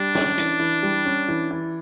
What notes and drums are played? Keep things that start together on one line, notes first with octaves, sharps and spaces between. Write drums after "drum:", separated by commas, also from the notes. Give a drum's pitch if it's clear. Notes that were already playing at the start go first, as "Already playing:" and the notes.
Already playing: G3 D4
C#4, drum: snare
E3, drum: hi-hat
E3
G3
C#4
E3
E3